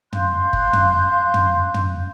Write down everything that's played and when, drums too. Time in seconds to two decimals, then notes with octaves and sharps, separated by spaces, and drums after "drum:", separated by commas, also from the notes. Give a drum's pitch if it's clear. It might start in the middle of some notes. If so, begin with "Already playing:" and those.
0.13 F5 C6 F#6 G6, drum: tom
0.53 drum: kick
0.73 drum: tom
1.34 drum: tom
1.74 drum: tom